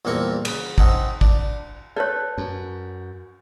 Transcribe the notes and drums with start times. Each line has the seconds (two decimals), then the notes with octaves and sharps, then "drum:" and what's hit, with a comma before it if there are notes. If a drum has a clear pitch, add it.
0.05 A#1 E2 G2 A#3 C4 C#6
0.45 C#3 B5, drum: cymbal
0.78 C4 C#4 D#4 F#5 A5, drum: kick
1.21 D4, drum: kick
1.96 A4 B4 C#5 D5
2.38 F#2